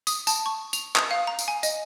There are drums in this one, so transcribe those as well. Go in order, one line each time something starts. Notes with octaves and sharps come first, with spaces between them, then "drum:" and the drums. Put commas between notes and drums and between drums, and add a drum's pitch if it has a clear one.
D#6, drum: tambourine
A5, drum: tambourine
C#6
F7, drum: tambourine
D#6, drum: clap
F5
A#5
drum: tambourine
G#5
D#5, drum: tambourine